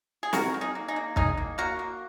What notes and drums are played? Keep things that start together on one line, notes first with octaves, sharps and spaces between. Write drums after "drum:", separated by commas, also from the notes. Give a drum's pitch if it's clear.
G#4
D#3 F#4 A#4, drum: snare
D#3
D#4 G#4
A#3
D#4 G#4
A#3
D#3 D#4 G#4, drum: kick
A#3
A#3 F#4 A#4
A#3